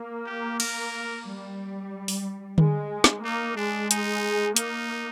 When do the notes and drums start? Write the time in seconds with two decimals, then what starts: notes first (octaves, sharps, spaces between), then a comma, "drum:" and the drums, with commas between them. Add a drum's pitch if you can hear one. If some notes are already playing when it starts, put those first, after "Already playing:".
Already playing: A#3
0.26 G4
0.60 A#4, drum: cymbal
1.26 G3
2.08 drum: open hi-hat
2.58 G#3, drum: tom D3
3.04 drum: snare
3.24 A#3 D#4
3.57 G#3 D4
3.91 D#4, drum: hi-hat
4.56 A#3 D#4, drum: hi-hat